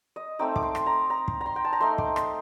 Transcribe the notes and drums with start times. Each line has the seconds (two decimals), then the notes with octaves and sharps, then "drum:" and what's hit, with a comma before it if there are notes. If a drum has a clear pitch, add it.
0.16 D#5
0.39 A3 C4 D#4 D6
0.56 D6, drum: kick
0.63 C6
0.75 drum: rim click
0.86 A#5
1.10 A#5
1.28 drum: kick
1.41 A#5 C6
1.56 G5
1.65 A5
1.73 A#5
1.80 A3 D#4 C6
1.98 D6, drum: kick
2.16 C6, drum: rim click